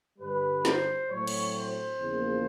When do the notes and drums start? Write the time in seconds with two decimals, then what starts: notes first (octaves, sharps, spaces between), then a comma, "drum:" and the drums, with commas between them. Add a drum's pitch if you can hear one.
0.19 G2 D3 G3 B4
0.65 C5, drum: snare
1.09 A2 F#3 A3 C4 C#5
1.27 drum: cymbal
1.54 C5
1.99 E2 C#3 F3 A#3